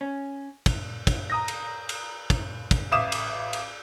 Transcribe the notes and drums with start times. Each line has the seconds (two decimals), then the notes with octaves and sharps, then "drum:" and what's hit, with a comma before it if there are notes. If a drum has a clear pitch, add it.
0.01 C#4
0.66 drum: kick, cymbal
1.07 drum: kick, cymbal
1.30 A#5 D#6 A#6
1.48 drum: cymbal
1.89 drum: cymbal
2.30 drum: kick, cymbal
2.71 drum: kick, cymbal
2.92 A1 E5 F5 D6 D#6 E7
3.12 drum: cymbal
3.53 drum: cymbal